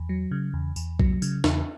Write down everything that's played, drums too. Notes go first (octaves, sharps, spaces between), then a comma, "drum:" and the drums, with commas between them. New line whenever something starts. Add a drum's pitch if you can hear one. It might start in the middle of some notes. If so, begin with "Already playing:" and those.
Already playing: E2
F#3
C#3
E2
E2, drum: tambourine
F#3, drum: kick B1
C#3, drum: tambourine
E2, drum: snare